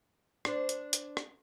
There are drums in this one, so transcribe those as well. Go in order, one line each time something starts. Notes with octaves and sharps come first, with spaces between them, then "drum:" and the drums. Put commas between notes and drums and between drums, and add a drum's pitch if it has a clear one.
D4 C5, drum: rim click
drum: hi-hat
drum: hi-hat
drum: rim click